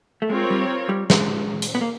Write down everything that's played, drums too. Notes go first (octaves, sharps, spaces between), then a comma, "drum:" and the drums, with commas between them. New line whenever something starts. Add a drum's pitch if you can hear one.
A3
G#3 C4 F4 A#4 C#5
G3
G3
G#3, drum: snare
drum: hi-hat
B3
A#3